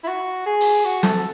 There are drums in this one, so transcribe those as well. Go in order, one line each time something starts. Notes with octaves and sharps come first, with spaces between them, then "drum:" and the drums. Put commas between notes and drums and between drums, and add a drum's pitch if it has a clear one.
E4
F#4
G#4
drum: open hi-hat
F#4
A4, drum: snare